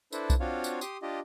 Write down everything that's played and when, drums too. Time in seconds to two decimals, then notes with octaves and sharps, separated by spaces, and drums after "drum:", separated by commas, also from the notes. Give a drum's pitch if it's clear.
0.13 D4 E4 A4 B4 C5, drum: tambourine
0.30 drum: kick B1, tambourine
0.40 C4 D4 F4 F#4 C#5 F5
0.64 drum: tambourine
0.81 G4 C6 D#6, drum: tambourine
1.02 D4 F4 G4 D#5